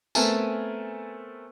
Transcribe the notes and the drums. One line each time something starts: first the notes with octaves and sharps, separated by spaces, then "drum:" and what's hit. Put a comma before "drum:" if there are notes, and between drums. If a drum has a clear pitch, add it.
A3 B3 C4 A#4 G#5 A5, drum: tambourine